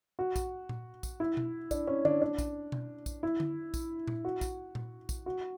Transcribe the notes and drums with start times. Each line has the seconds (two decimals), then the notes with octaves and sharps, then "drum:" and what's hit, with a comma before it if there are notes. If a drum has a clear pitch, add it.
0.19 F#4
0.36 drum: kick A#1, tambourine
0.69 drum: tom A#2
1.03 drum: kick A#1, tambourine
1.20 E4
1.37 drum: tom B2
1.71 D4, drum: kick A#1, tambourine
1.87 C#4
2.05 D4, drum: tom D3
2.22 D4
2.38 drum: kick A#1, tambourine
2.72 drum: tom B2
3.06 drum: kick A#1, tambourine
3.23 E4
3.40 drum: tom D3
3.74 drum: kick A#1, tambourine
4.08 drum: tom A#2
4.25 F#4
4.41 drum: kick A#1, tambourine
4.75 drum: tom A#2
5.09 drum: kick A#1, tambourine
5.26 F#4